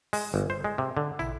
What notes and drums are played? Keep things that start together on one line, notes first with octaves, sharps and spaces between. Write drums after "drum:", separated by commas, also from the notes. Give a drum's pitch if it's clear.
G#3, drum: open hi-hat
G1
C5
G#3
C3
D3
E4, drum: tom